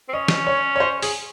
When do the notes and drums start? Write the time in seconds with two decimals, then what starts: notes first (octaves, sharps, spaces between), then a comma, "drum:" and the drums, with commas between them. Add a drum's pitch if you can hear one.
0.09 C4
0.13 C#4 D#5
0.28 drum: snare
0.47 C#5
0.76 C#5
0.80 C5
1.02 G#4, drum: open hi-hat